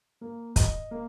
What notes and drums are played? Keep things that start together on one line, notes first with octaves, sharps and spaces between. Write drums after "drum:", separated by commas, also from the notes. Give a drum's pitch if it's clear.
A#3
D#5, drum: kick, hi-hat
A#3